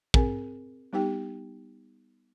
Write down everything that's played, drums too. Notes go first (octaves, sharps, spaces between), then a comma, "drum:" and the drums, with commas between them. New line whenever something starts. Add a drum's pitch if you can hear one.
C4 G#4 A#4 G#5, drum: kick
G3 B3 D#4 G4 G5